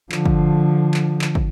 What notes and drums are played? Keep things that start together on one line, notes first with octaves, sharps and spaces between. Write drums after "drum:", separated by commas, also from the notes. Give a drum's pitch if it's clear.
D3 F3, drum: clap
drum: kick
drum: clap
drum: clap
drum: kick